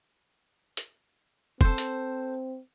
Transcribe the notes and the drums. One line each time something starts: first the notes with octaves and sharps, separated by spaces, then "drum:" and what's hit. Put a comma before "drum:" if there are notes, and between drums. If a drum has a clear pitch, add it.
drum: hi-hat
C4 A4 C5, drum: kick
drum: hi-hat